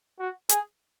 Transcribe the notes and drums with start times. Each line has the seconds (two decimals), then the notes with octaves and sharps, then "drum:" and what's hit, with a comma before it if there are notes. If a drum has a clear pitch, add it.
0.19 F#4
0.49 G#4, drum: hi-hat